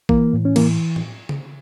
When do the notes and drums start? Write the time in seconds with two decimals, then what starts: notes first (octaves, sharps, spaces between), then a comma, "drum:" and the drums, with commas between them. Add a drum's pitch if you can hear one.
0.09 E3 A#3, drum: kick
0.33 A2
0.45 C#4
0.56 E3 A#3, drum: cymbal
0.96 drum: tom A2
1.29 drum: tom C#3